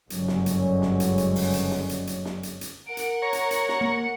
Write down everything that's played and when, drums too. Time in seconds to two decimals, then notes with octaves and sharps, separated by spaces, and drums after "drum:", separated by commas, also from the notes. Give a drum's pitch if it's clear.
0.10 F#1 G2 D3 F#3 G#3 C#4, drum: hi-hat
0.28 drum: snare
0.46 drum: hi-hat
0.82 drum: snare
1.00 drum: hi-hat
1.18 drum: hi-hat
1.36 drum: open hi-hat
1.54 drum: hi-hat
1.71 drum: snare
1.89 drum: hi-hat
2.07 drum: hi-hat
2.25 drum: snare
2.43 drum: hi-hat
2.61 drum: hi-hat
2.87 A#4 F#5 D7
2.97 drum: hi-hat
3.22 C#5 A#5 C#7
3.33 drum: hi-hat
3.51 drum: hi-hat
3.69 drum: snare
3.81 A#3